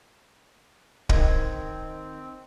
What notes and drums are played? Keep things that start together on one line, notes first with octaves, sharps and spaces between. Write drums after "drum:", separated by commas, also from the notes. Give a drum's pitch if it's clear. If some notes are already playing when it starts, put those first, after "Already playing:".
D#3 C4 D#5 G#6, drum: kick